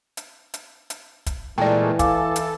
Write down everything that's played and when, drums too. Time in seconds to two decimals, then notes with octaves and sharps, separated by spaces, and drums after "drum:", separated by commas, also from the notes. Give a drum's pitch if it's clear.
0.17 drum: hi-hat
0.54 drum: hi-hat
0.90 drum: hi-hat
1.26 drum: kick, hi-hat
1.58 A#2 E3 G#3 A3 D5 G5
1.99 A4 F5 G#5 D6, drum: kick, hi-hat
2.36 drum: hi-hat